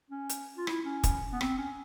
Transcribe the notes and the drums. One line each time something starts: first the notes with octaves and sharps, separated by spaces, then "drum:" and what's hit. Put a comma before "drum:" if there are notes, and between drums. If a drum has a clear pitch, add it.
C#4
drum: hi-hat
F4
E4, drum: rim click
C#4
drum: kick, hi-hat
B3
C4, drum: rim click
C#4